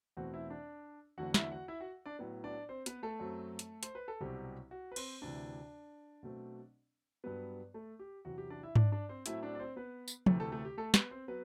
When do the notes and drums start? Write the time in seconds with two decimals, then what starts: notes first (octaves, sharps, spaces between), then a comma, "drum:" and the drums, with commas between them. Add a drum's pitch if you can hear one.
0.17 E2 B2 A3 C4 F#4 F#5
0.33 E4 E5
0.50 D4 D5
1.18 E2 D3 F#3 A3 C4 F#4 F#5
1.34 E4 E5, drum: snare
1.51 F#4 F#5
1.68 E4 E5
1.80 F#4 F#5
2.06 D4 D5
2.19 A2 F#3 B3
2.44 D4 D5
2.69 C4 C5
2.86 B3 B4, drum: hi-hat
3.03 A3 A4
3.20 F#2 F#3 C4
3.59 drum: hi-hat
3.83 C5, drum: hi-hat
3.95 B4
4.08 A4
4.20 C2 B2 F#3 C4 G4
4.71 F#4
4.92 B4
4.96 C4 C5, drum: cymbal
5.22 D2 C3 E3 D4 D5
6.23 B2 F#3 A3 C4
7.24 G2 F#3 B3 B4
7.74 A3 A4
7.99 G4
8.25 E2 C3 F#3 F#4
8.38 G4
8.50 D4 D5
8.63 E4 E5
8.75 D4 D5, drum: tom G#2
8.92 D4 D5
9.09 C4 C5
9.26 A2 F#3 A3 C4 E4 E5, drum: hi-hat
9.43 D4 D5
9.55 D5
9.60 C4 C5
9.76 B3 B4
10.08 drum: tambourine
10.26 D2 C3 E3 A3 A4, drum: tom
10.40 A3 A4
10.52 A3 A4
10.65 G4
10.77 A3 A4
10.94 B3 B4, drum: snare
11.11 C4 C5
11.28 F#3 B3 B4